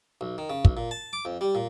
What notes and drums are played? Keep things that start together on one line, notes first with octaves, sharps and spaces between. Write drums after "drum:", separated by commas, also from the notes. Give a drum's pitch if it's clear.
B1
D#3
C#3
B1, drum: kick
A#2
A5
D6
F2
G3
A#2